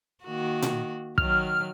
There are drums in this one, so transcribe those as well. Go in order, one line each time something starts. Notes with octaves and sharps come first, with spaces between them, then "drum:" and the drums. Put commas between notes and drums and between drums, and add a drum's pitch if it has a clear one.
D#3 A#3 F#4
drum: tom A#2
D#3 F#3 F6, drum: kick